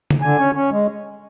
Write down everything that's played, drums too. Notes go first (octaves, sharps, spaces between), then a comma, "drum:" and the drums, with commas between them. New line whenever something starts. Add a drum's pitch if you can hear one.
drum: tom C#3
D3 G#5
C#4
C#4
G#3